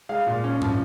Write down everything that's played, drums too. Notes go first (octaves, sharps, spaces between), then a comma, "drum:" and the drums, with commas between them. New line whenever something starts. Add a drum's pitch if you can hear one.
G#3 F5
A#2
C#4
F3, drum: tom